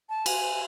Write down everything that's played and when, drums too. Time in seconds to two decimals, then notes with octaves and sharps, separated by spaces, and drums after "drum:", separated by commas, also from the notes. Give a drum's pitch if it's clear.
0.10 A5
0.26 G#5, drum: cymbal